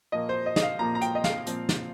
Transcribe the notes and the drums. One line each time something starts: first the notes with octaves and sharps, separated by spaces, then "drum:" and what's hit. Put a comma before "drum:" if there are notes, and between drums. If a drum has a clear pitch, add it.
A#2 F3 A#3 D#5
C5
D#5
D#5, drum: snare
F5
A#2 F3 A#3 A#5
A#5
G5, drum: hi-hat
D#5
F5, drum: snare
A#2 F3 C4, drum: hi-hat
drum: snare